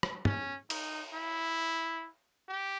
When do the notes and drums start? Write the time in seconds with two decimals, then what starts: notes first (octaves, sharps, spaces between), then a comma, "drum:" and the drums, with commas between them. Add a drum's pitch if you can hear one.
0.03 drum: rim click
0.25 C#4, drum: tom
0.70 D#4, drum: cymbal
1.14 E4
2.48 G4